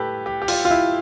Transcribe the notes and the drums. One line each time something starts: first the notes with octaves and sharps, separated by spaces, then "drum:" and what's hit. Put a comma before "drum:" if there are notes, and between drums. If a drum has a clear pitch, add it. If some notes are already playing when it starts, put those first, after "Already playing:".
Already playing: A2 G4 A4 B4
G4
G4
F4, drum: open hi-hat
F4
E4